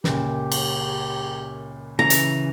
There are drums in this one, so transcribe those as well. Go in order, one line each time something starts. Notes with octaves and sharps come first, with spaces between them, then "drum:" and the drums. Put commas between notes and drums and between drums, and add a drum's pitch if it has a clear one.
C#2 F#2 A#2 G4, drum: snare
drum: cymbal
C#3 E3 A#5
drum: hi-hat